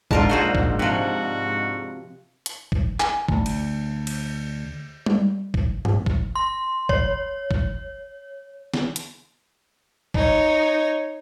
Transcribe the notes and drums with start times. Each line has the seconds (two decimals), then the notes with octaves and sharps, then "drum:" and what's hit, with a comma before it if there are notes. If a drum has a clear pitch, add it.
0.11 G#2 G#3 D4 F4 A#4 A5, drum: kick
0.29 A#2 F#4 C5
0.55 drum: kick
0.79 C3 F3 F#4
2.46 drum: hi-hat
2.72 drum: kick
3.00 G#5, drum: clap
3.29 D2, drum: kick
3.46 drum: cymbal
4.07 drum: cymbal
5.06 drum: tom G3
5.54 drum: kick
5.85 drum: tom G2
6.06 drum: kick
6.35 C6
6.89 C#5, drum: kick
7.51 drum: kick
8.74 drum: snare
8.96 drum: hi-hat
10.14 D#4 C#5, drum: kick